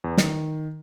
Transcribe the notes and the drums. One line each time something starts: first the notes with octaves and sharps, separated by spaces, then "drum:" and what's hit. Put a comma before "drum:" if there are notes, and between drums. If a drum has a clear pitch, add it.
E2
D#3, drum: snare